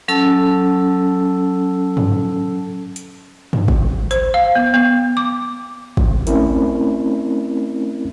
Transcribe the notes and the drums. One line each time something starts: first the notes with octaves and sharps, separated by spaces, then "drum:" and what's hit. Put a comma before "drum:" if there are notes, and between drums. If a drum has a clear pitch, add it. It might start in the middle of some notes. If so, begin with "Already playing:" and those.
F#3 C#4 A4 A5 E6
drum: tom G2
drum: hi-hat
drum: tom G2
drum: kick
C5, drum: hi-hat
F5
B3
B3
D6
drum: kick
A3 C4 C#4 E4 A#4, drum: hi-hat